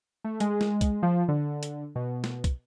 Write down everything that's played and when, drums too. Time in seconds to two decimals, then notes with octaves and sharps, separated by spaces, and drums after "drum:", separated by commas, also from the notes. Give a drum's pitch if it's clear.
0.24 A3
0.40 G#3, drum: hi-hat
0.61 drum: snare
0.81 drum: kick, hi-hat
1.03 F3
1.28 D3
1.63 drum: hi-hat
1.96 B2
2.24 drum: snare
2.44 drum: kick, hi-hat